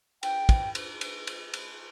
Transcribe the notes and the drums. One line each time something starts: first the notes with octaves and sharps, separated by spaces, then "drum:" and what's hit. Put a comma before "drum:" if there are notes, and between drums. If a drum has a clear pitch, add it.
G5, drum: cymbal
drum: kick, cymbal
drum: cymbal
drum: cymbal
drum: cymbal
drum: cymbal